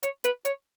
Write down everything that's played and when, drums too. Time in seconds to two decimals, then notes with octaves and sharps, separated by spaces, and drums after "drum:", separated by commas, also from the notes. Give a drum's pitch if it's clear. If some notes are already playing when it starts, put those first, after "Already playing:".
0.03 C#5, drum: hi-hat
0.24 B4, drum: hi-hat
0.45 C#5, drum: hi-hat